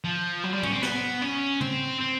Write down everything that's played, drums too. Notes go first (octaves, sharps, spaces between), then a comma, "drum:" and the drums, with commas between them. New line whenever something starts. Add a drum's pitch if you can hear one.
F3
F#3
G3
C#4, drum: tom
C4
B3, drum: snare
C#4
C4, drum: tom
C4